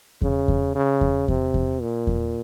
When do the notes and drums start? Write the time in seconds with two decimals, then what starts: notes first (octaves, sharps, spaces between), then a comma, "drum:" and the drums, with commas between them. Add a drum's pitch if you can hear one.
0.22 C#3, drum: kick E2
0.48 drum: kick E2
0.75 C#3
1.01 drum: kick E2
1.28 C3, drum: kick E2
1.54 drum: kick E2
1.81 A#2
2.07 drum: kick E2